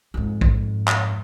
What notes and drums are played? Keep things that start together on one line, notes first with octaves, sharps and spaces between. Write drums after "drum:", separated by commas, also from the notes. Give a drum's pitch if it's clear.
F2 G#2
drum: kick
drum: clap